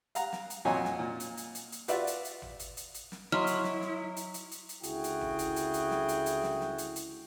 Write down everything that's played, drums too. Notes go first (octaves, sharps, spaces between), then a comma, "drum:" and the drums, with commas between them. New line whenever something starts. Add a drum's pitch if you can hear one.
F5 F#5 A#5, drum: hi-hat
drum: snare
drum: hi-hat
F2 A#2 F#3 C#5 D#5 G#5
drum: snare
A#2
drum: hi-hat
drum: hi-hat
drum: hi-hat
drum: hi-hat
F4 F#4 B4 D5 E5, drum: hi-hat
drum: hi-hat
drum: hi-hat
drum: tom
drum: hi-hat
drum: hi-hat
drum: hi-hat
drum: snare
F#3 E4 D#5 C6 F6
drum: hi-hat
drum: snare
drum: snare
drum: hi-hat
drum: hi-hat
drum: hi-hat
drum: hi-hat
C#2 D3 E4 F#4 G#4 G5, drum: hi-hat
drum: hi-hat
drum: tom
drum: hi-hat
drum: hi-hat
drum: hi-hat
drum: snare
drum: hi-hat
drum: hi-hat
drum: snare
drum: snare
drum: hi-hat
drum: hi-hat